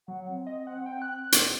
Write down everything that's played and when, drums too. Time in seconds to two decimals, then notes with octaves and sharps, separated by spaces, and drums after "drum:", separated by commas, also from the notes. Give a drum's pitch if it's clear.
0.08 F#3 F#5
0.28 C4
0.47 D#5
0.67 F#5
0.86 G5
1.02 F#6
1.32 drum: hi-hat